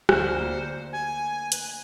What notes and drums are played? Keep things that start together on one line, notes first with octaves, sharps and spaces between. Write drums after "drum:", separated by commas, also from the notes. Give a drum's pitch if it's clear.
D2 C5 F6, drum: rim click
A#3 C#7
G#5
B4, drum: hi-hat